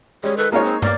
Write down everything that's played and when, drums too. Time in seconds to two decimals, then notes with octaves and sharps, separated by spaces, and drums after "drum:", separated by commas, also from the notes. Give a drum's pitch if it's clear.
0.24 G3 G#3 G#4 C#5
0.37 D#3 A4 B4
0.52 G#3 A#3 D#4 F4 C#5
0.64 C4
0.82 G2 A#3 D5, drum: tom